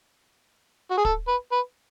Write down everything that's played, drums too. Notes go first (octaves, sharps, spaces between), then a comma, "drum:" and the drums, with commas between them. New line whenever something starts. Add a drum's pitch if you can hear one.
F#4
G#4
A4, drum: kick
B4
B4